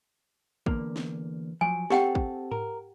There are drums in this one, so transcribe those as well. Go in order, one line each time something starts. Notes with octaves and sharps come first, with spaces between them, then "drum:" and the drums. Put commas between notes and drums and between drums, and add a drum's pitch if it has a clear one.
E2 D3 A#3, drum: kick
drum: snare
F3 F#3 G#5
C4 G4 A4 F#5 G5, drum: snare
drum: kick
A#4, drum: tom G#2